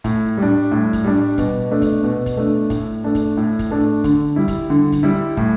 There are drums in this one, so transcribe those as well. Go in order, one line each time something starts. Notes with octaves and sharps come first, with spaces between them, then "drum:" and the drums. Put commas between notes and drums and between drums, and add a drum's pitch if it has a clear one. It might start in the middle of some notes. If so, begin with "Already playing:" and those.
A2, drum: kick, hi-hat
G3
D4
A2
drum: kick, hi-hat
G3 D4
B2, drum: kick, hi-hat
A3 D4
drum: kick, hi-hat
B2
drum: kick, hi-hat
A3 D4
A2, drum: kick, hi-hat
A3 D4
drum: kick, hi-hat
A2
drum: kick, hi-hat
A3 D4
D3, drum: kick, hi-hat
G3 E4
drum: kick, hi-hat
D3
drum: kick, hi-hat
G3 E4
A2, drum: kick